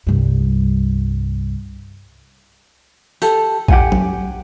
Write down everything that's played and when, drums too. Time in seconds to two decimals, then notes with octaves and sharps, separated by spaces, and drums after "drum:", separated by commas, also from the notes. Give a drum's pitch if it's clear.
0.07 C2 G2
3.22 G4 A4, drum: tambourine
3.68 G4 F#5 G#5, drum: kick A#1
3.92 drum: tom F#3